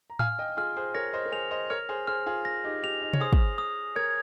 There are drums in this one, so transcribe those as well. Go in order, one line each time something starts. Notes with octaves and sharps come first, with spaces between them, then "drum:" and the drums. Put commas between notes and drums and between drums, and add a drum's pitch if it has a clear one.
A#5
F5 G#5 F6, drum: tom A2
D#5 G5
F4 G#4 F6
G#4 C5
A#4 C#5 A#6
C5 D#5
A#4
G#4 C5 F7
C5 D#5
A#4 C#5 F6
G#4 C5
G#4 C5 F6
F4 G#4
A#6
D#4 G4
D#4 G4 F7
D#4
C#5, drum: tom C3
G#4 C5 D#6
drum: kick
D#6
A#4 C#5 G#6